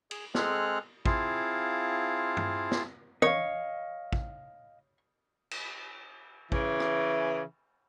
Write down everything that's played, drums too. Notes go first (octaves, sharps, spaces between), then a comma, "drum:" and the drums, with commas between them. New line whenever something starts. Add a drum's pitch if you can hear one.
G#4, drum: cymbal
G#3 C4 G#4 A4 F6 F#6, drum: snare
C4 E4 F4 G#4 F5 A5, drum: kick
drum: tom G2
drum: snare
C#5 D#5 F5, drum: tom E3
drum: kick
drum: cymbal
C#3 E3, drum: kick
drum: rim click